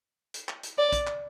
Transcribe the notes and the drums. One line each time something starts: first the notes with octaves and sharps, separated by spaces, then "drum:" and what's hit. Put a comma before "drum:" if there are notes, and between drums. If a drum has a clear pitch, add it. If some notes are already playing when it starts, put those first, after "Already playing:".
drum: hi-hat
drum: clap
drum: hi-hat
D5
drum: kick, hi-hat
drum: clap